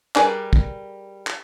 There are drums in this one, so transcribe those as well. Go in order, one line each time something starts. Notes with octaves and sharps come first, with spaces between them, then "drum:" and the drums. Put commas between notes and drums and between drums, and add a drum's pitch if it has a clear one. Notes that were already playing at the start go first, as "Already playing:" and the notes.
G3 G#4 A#4 B4 D5, drum: clap
drum: kick
drum: clap